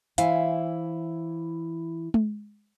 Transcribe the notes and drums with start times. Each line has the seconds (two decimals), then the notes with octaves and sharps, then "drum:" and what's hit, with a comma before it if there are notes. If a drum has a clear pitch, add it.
0.18 E3 E4 C5 F5 G#5, drum: hi-hat
2.14 drum: tom G#3